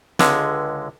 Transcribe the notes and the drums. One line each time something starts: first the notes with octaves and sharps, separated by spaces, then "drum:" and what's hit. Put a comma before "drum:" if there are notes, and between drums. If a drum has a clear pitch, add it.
C#2 D3 G#3, drum: snare